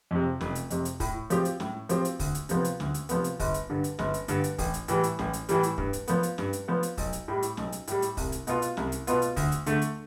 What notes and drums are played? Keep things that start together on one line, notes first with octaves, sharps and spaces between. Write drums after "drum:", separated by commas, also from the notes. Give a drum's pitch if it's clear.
F2 C3
F1, drum: snare
drum: hi-hat
F2 C3, drum: hi-hat
drum: hi-hat
A2, drum: kick, open hi-hat
F3 C4 G4, drum: hi-hat
drum: hi-hat
A2, drum: snare
F3 C4 G4, drum: hi-hat
drum: hi-hat
D2, drum: kick, open hi-hat
drum: hi-hat
C3 F3 B3, drum: hi-hat
drum: hi-hat
D2, drum: snare
drum: hi-hat
C3 F3 B3, drum: hi-hat
drum: hi-hat
G1, drum: kick, open hi-hat
drum: hi-hat
G2 D3
drum: hi-hat
G1, drum: snare
drum: hi-hat
G2 D3, drum: hi-hat
drum: hi-hat
A1, drum: kick, open hi-hat
drum: hi-hat
A2 E3 G3, drum: hi-hat
drum: hi-hat
A1, drum: snare
drum: hi-hat
A2 E3 G3, drum: hi-hat
drum: hi-hat
G2, drum: kick
drum: hi-hat
F3 B3, drum: hi-hat
drum: hi-hat
G2, drum: snare
drum: hi-hat
F3 B3
drum: hi-hat
B1, drum: kick, open hi-hat
drum: hi-hat
A2 G3
drum: hi-hat
B1, drum: snare
drum: hi-hat
A2 G3, drum: hi-hat
drum: hi-hat
C2, drum: kick, open hi-hat
drum: hi-hat
B2 B3 F4, drum: hi-hat
drum: hi-hat
C2, drum: snare
drum: hi-hat
B2 B3 F4, drum: hi-hat
drum: hi-hat
D2, drum: kick, open hi-hat
drum: hi-hat
D3 A3, drum: hi-hat
drum: hi-hat